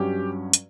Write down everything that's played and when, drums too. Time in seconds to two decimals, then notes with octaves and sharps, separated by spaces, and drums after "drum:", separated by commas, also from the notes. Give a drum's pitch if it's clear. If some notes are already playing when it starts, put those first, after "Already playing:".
Already playing: G2 F#3 C#4 G4
0.53 drum: hi-hat